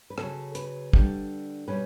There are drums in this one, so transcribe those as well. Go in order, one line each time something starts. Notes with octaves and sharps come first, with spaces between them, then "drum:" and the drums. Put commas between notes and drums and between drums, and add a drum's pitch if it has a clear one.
B4
C#3 F#3 C#4 A4, drum: rim click
B4, drum: hi-hat
D3 G3 D4, drum: kick
B2 G3 C#4 B4